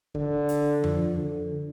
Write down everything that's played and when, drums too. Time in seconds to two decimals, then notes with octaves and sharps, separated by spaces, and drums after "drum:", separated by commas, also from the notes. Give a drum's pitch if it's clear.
0.15 D3, drum: kick
0.49 drum: hi-hat
0.84 F3, drum: tom F2
1.17 D3